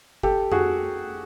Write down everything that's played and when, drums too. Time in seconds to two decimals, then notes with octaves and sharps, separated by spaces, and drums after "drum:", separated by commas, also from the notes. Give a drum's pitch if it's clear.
0.23 G4 A4, drum: kick F#1
0.52 F#4 G#4, drum: tom F2